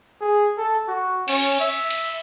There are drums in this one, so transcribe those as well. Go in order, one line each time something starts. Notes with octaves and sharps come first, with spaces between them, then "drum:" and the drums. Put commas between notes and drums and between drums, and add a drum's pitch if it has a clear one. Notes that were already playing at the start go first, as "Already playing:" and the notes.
G#4
A4
F#4
C#4, drum: cymbal
E5
drum: cymbal